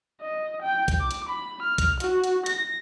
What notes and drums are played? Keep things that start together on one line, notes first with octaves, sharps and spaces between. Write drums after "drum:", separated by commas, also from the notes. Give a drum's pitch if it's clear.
D#5
G5
drum: kick, hi-hat
D6
drum: hi-hat
B5
F6
drum: kick, hi-hat
F#4, drum: hi-hat
drum: hi-hat
A#6, drum: hi-hat